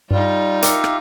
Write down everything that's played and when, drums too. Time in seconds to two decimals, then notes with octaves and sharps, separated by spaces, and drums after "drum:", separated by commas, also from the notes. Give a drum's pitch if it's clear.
0.11 G2 G3 D#4 F4
0.62 G4 A#4 E5 F5 C#7, drum: hi-hat
0.84 drum: rim click